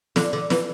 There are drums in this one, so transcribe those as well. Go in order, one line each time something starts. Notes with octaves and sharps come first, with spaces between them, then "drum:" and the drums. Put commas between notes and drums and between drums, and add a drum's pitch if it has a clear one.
D3, drum: snare
D3
E3, drum: snare